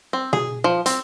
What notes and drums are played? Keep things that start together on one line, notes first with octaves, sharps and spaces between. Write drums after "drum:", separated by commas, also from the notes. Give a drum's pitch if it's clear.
C4
G#4, drum: tom B2
F3
C4, drum: hi-hat